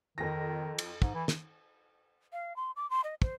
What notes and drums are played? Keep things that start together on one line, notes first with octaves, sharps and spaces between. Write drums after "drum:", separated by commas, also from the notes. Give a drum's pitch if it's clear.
F2 D#3 A#6
drum: cymbal
G#2, drum: kick
E3
drum: snare
F5
C6
D6
C6
D#5
C5, drum: kick